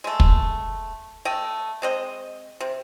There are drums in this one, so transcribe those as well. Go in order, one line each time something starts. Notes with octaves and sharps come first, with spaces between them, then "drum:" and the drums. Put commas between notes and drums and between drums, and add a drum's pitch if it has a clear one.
G#3 A3
drum: kick
A3 D#5 G5
G#3 C4 D#5
C3